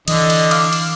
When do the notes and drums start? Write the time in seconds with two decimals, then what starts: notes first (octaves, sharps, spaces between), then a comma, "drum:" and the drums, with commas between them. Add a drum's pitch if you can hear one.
0.08 D3 E3 D#5, drum: cymbal
0.30 drum: cymbal
0.51 F5 D6, drum: cymbal
0.73 drum: cymbal